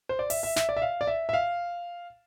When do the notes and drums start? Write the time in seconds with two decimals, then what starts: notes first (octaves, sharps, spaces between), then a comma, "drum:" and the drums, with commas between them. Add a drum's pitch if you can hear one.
0.09 C5
0.19 D5
0.30 E5, drum: open hi-hat
0.43 E5
0.56 E5, drum: snare
0.69 D5
0.77 E5
0.82 F5
1.01 D5
1.07 E5
1.29 E5
1.33 F5